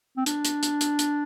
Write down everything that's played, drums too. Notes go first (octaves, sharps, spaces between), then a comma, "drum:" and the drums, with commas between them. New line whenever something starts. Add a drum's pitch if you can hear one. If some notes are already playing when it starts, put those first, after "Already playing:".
C4
D4, drum: hi-hat
drum: hi-hat
drum: hi-hat
drum: hi-hat
drum: hi-hat